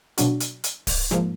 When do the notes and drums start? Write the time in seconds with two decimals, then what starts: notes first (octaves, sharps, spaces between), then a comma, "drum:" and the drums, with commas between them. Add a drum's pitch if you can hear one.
0.18 B2 F#3 D4 F#4, drum: hi-hat
0.40 drum: hi-hat
0.64 drum: hi-hat
0.87 drum: kick D1, open hi-hat
1.11 G#2 F3 A#3, drum: snare